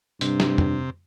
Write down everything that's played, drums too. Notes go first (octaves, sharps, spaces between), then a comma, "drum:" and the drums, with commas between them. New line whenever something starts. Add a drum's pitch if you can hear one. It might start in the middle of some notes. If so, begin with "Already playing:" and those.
G2 C3, drum: hi-hat
drum: snare
drum: tom F2